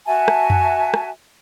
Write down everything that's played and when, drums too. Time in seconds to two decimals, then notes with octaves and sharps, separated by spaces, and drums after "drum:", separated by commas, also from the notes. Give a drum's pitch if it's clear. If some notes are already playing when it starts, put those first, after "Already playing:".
0.06 F#4 E5 G#5 A5
0.28 drum: rim click
0.50 drum: tom F2
0.94 drum: rim click